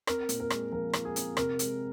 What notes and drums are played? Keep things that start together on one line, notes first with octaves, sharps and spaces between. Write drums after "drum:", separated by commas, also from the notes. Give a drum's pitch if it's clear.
C4 A#4, drum: rim click
A#2, drum: hi-hat
A#4
G#3, drum: rim click
F3 A#4
F3, drum: rim click
G#4
C4, drum: hi-hat
C3 A#4, drum: rim click
G#3, drum: hi-hat